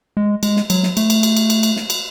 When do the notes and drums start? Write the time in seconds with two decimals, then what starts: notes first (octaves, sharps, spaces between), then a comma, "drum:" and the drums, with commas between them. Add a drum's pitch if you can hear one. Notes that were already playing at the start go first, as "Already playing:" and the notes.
0.17 G#3
0.43 G#3, drum: cymbal
0.57 drum: snare
0.70 F#3, drum: cymbal
0.83 drum: snare
0.97 A3, drum: cymbal
1.10 drum: cymbal
1.23 drum: cymbal
1.37 drum: cymbal
1.50 drum: cymbal
1.63 drum: cymbal
1.76 drum: snare
1.90 drum: cymbal